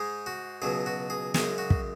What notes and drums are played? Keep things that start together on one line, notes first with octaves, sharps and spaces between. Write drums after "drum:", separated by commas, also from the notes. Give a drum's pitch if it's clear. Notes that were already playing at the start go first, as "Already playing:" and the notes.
Already playing: G#2 G#3 G#4
F#4
C#2 B2 F#3 G#4
F#4
G#4
F#2 C#3 G#3 G#4, drum: snare
F#4
drum: kick